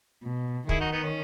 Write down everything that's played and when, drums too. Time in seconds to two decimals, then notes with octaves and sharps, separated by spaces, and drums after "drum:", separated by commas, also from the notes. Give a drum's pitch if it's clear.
0.23 B2
0.69 D#3 E4 G#4, drum: kick
0.80 D#4 F#4
0.92 B3 D#4
1.04 C#4